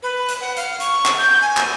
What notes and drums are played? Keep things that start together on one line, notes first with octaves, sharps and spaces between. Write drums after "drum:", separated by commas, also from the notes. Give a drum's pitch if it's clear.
B4
drum: hi-hat
F#5
F5, drum: hi-hat
C#6, drum: hi-hat
drum: clap
G6
G#5
drum: clap